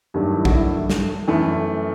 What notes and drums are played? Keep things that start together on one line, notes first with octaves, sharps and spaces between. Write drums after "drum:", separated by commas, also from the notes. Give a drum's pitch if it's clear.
G2 D#3 F#3 A3 G4
E4
F#4, drum: kick
E4
drum: snare
F#2 E3 A3